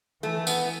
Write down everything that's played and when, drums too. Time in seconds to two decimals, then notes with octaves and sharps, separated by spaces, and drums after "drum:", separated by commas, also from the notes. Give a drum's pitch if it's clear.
0.23 E3 A3
0.47 B3, drum: tambourine